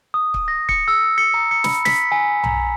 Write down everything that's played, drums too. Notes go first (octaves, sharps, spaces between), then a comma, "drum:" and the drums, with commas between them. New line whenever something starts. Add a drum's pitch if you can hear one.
D#6
drum: kick C#1
A#6
C#7, drum: kick C#1
E6
C#7
A#5
C#7
B5, drum: snare
B6, drum: snare
G#5
A#5, drum: tom B1